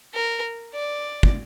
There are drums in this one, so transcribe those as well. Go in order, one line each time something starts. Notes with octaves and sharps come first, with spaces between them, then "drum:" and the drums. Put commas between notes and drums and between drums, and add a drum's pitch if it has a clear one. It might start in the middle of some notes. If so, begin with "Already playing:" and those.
A#4
D5
drum: kick